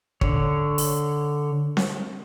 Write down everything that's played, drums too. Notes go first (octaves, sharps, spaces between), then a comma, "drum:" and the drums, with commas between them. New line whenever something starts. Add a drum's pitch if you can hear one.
D3 C#5, drum: kick
drum: open hi-hat
drum: snare C4